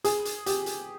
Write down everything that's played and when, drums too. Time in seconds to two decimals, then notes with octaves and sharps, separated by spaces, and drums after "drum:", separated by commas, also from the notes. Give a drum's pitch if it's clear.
0.04 G#4, drum: hi-hat
0.25 drum: hi-hat
0.46 G4, drum: hi-hat
0.66 drum: hi-hat